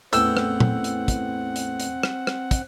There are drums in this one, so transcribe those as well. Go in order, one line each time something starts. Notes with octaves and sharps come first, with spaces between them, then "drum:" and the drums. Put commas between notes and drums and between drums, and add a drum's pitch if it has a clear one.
A1 E2 C4 F#5 G5 E6, drum: hi-hat
drum: rim click
drum: tom A#2
drum: hi-hat
drum: kick, hi-hat
drum: hi-hat
drum: hi-hat
drum: rim click
drum: rim click
drum: kick, hi-hat